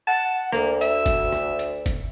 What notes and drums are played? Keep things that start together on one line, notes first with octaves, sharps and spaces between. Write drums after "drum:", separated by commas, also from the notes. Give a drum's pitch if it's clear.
F#5 A5
D2 A#3, drum: rim click
E5, drum: hi-hat
drum: kick F1, hi-hat
drum: rim click
drum: hi-hat
drum: kick F1, hi-hat